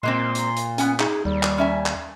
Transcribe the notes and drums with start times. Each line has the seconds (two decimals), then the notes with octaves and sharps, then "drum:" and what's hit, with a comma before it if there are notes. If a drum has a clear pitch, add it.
0.03 A#2 G#3 A#3 C4 C6
0.35 drum: hi-hat
0.57 drum: hi-hat
0.78 B3 C#4 F#5 G#5, drum: hi-hat
1.00 D#4 G#4, drum: clap
1.25 D#2 G3
1.43 drum: clap
1.58 C#4 E5 G#5
1.86 drum: clap